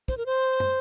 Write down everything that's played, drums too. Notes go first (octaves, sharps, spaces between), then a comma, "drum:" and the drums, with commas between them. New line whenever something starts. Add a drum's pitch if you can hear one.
C5, drum: kick
A#4
C5
drum: tom